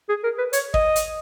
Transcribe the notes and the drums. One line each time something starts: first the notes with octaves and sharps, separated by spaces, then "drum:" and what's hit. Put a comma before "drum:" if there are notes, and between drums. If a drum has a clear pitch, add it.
G#4
A#4
B4
C#5, drum: hi-hat
D#5, drum: kick
drum: hi-hat